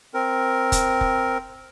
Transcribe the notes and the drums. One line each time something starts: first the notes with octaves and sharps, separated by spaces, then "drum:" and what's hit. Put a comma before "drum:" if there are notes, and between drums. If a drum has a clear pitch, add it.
C4 A#4
drum: kick, hi-hat
drum: kick